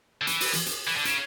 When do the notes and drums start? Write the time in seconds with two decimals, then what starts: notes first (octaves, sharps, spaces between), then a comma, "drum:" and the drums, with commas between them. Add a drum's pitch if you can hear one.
0.21 D3
0.27 E3, drum: hi-hat
0.40 drum: open hi-hat
0.53 drum: hi-hat
0.66 drum: hi-hat
0.87 E3
0.96 D3
1.05 C#3, drum: hi-hat